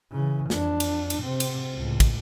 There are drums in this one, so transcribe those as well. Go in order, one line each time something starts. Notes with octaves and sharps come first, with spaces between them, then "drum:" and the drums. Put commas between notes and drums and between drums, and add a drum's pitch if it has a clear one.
C#3 E3
F2 D4, drum: snare
drum: cymbal
drum: cymbal
C3 C4
drum: cymbal
C#2 A2
drum: kick, cymbal